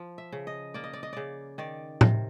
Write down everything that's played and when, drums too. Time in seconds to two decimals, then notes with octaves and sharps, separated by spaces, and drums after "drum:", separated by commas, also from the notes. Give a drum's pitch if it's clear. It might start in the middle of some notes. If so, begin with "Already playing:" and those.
Already playing: F3
0.18 E5
0.32 C#3
0.47 D#5
0.74 A#3 D5
0.84 D#5
0.93 D5
1.03 D#5
1.13 C#3 D5
1.58 D#3 D5
2.01 C3, drum: tom A2